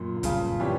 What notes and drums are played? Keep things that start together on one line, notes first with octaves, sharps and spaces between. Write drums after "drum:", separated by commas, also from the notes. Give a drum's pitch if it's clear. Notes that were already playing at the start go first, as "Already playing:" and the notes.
Already playing: F#2 A#2
A#2
G2 C#3, drum: kick, hi-hat
E3 G3 C#4 G4